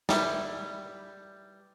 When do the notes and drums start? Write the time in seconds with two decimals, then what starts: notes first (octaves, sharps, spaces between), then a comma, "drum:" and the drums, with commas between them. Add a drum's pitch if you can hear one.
0.09 G3 E4 B4, drum: snare